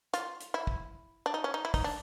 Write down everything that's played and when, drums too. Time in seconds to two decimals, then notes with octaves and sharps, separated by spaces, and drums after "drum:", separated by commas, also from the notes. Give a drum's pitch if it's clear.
0.14 F4, drum: hi-hat
0.41 drum: hi-hat
0.54 E4
0.67 drum: kick
1.26 D4
1.34 D#4
1.44 C#4
1.54 D#4
1.65 E4
1.74 D#4, drum: kick, open hi-hat
1.84 D4